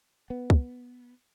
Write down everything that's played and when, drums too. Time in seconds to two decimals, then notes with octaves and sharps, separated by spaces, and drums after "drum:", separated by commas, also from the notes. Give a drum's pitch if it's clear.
0.30 B3
0.50 drum: kick